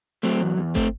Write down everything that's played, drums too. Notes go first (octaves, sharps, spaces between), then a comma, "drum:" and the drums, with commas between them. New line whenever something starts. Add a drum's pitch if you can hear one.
F#3 A3 C4, drum: hi-hat
E2
E2
A3 C4, drum: kick, hi-hat